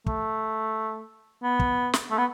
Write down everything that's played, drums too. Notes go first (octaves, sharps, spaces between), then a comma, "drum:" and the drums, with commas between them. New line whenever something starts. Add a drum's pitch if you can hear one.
A3, drum: kick
B3
drum: kick
drum: snare
A3
B3